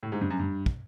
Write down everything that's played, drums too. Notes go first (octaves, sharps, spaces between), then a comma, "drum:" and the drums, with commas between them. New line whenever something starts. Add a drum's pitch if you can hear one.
A2
G#2
G2
F#2
G2
drum: kick